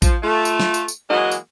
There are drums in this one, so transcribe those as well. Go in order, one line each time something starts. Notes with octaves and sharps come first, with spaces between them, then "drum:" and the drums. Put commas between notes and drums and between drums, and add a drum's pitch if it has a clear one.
F3, drum: kick, tambourine
A3 F4
drum: tambourine
drum: snare
drum: tambourine
drum: tambourine
E3 F#3 G#3 A#3 F#4 D#5
drum: tambourine